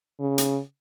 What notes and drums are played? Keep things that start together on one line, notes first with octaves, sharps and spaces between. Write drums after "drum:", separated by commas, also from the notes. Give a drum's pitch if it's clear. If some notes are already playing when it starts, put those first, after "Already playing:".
C#3
drum: hi-hat